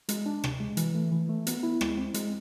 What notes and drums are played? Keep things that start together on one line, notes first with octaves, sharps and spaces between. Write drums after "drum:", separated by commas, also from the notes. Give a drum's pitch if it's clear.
G#3, drum: hi-hat
D4
C3, drum: rim click
G#3
E3, drum: hi-hat
A3
E3
A3
B3, drum: hi-hat
E4
G#3, drum: rim click
C4
G#3, drum: hi-hat